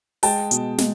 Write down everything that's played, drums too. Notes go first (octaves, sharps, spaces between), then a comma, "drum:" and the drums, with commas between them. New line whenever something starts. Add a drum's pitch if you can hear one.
G#3 G5 A5, drum: open hi-hat
B2, drum: hi-hat
G#3, drum: snare